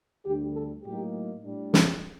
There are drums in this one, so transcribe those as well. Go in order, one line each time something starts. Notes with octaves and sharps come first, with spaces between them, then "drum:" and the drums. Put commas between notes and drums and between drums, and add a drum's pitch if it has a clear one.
D2 D3 G3 G4
A4
A2 F#3 A#3 D#4 G4
A2 G3 D4
A4, drum: snare